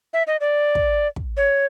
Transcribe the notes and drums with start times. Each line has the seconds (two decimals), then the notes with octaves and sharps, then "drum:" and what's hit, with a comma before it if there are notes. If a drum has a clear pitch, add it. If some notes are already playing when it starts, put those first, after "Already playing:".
0.13 E5
0.27 D#5
0.41 D5
0.75 drum: kick
1.16 drum: kick
1.37 C#5